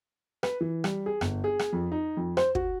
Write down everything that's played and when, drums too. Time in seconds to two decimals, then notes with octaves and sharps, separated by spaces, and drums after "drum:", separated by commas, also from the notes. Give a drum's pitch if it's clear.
0.43 B4, drum: rim click
0.61 E3
0.84 G3, drum: rim click
1.06 G#4
1.21 G1, drum: rim click
1.44 G#4
1.59 drum: rim click
1.73 F2
1.92 D#4
2.17 F2
2.37 C5, drum: rim click
2.55 F#4, drum: kick